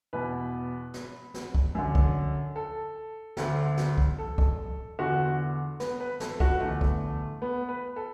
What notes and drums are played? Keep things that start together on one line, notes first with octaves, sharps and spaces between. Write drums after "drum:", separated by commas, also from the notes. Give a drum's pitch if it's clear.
E2 B2 B4
drum: snare
drum: snare
drum: kick
F#2 D3
drum: kick
A4
D2 D3, drum: snare
drum: snare
drum: kick
A4
drum: kick
E2 D3 F#4
B3, drum: snare
B4
A4, drum: snare
F#4, drum: kick
E2 D3 A3
drum: kick
B3
B4
A4